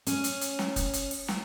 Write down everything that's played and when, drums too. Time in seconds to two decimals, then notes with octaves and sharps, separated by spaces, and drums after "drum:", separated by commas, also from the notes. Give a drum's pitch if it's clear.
0.07 C#4, drum: hi-hat
0.24 drum: hi-hat
0.41 drum: hi-hat
0.59 drum: snare
0.76 drum: kick, hi-hat
0.94 drum: hi-hat
1.11 drum: open hi-hat
1.28 drum: snare